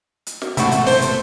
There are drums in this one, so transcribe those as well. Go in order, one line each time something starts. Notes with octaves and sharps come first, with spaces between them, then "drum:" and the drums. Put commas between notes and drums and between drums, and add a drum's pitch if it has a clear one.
drum: hi-hat
drum: snare
C3 A3 E4 F#4, drum: hi-hat
drum: hi-hat
C5, drum: open hi-hat
drum: hi-hat